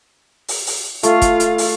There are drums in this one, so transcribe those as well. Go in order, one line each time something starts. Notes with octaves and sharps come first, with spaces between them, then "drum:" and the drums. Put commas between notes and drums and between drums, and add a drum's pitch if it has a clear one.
drum: open hi-hat
drum: open hi-hat
A3 F4 F5, drum: hi-hat
drum: kick, hi-hat
drum: hi-hat
drum: open hi-hat